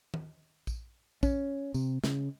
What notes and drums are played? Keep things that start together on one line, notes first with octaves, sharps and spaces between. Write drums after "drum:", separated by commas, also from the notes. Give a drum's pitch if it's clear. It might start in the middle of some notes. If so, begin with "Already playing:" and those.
drum: tom D#3
drum: kick A#1, tambourine
C#4, drum: kick A#1, tambourine
C3, drum: tambourine
C#3, drum: snare